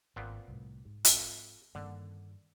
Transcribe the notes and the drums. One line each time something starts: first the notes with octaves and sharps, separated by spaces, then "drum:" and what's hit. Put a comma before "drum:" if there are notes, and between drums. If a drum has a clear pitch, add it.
G#1 A#2 B3 C4
C2 A2
G#2
F2 E5, drum: hi-hat
G2 D3 D#3 A#3